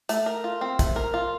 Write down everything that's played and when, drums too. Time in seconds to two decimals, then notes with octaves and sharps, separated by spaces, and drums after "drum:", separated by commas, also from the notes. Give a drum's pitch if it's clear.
0.09 A3, drum: hi-hat
0.26 A#4
0.44 F4
0.61 C4
0.79 A3, drum: kick, hi-hat
0.96 A#4
1.14 F4